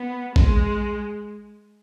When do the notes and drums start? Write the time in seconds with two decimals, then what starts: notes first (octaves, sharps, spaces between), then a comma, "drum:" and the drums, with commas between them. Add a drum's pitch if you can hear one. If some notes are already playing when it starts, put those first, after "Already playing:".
Already playing: B3
0.36 G#3, drum: kick A#1